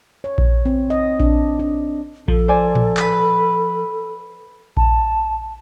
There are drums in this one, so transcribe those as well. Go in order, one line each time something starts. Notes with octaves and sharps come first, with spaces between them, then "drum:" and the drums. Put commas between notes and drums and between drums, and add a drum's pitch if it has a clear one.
C#5
drum: kick A#1
C4
D#5
D4, drum: kick A#1
D4
F3 A4, drum: kick A#1
C5 D5 G#5
drum: tom A2
B4 B5, drum: clap
A5, drum: kick A#1